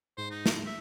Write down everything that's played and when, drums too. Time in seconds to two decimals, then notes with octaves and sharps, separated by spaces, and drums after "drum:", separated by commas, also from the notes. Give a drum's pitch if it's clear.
0.18 G#2 C5
0.31 D#4
0.46 drum: snare
0.67 E5